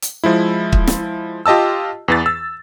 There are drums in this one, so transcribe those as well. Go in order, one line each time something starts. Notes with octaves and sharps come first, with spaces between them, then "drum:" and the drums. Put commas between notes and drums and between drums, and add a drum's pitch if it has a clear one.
drum: hi-hat
F3 G#3 E4
drum: kick
drum: snare
F4 G4 D#5 A5 E6
E2 E3 A6
E6